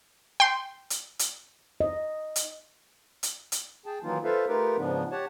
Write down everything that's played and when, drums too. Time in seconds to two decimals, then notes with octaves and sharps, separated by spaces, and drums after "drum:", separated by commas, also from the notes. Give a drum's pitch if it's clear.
0.40 G5 C6
0.90 drum: hi-hat
1.19 drum: hi-hat
1.80 D#5
2.36 drum: hi-hat
3.23 drum: hi-hat
3.52 drum: hi-hat
3.86 G#4 G5 A5
4.03 D#3 E3 F#3 A#3 D#4 F4
4.24 F4 A4 B4 C5 E5 F5
4.48 A3 D#4 F4 G4 A#4 B4
4.77 G#2 C#3 F3 B3 D4
5.12 G4 C#5 F#5 A5